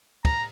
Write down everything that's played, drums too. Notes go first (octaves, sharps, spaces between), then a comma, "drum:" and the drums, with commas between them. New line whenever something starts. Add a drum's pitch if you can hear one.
A#5, drum: kick, cymbal